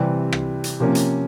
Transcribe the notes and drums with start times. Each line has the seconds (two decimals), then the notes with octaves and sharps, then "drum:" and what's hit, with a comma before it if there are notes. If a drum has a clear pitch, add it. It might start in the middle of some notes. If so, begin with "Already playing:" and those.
Already playing: C3 E3 G3 C4
0.33 drum: rim click
0.64 drum: hi-hat
0.80 C3 F3 A#3 C#4
0.95 drum: hi-hat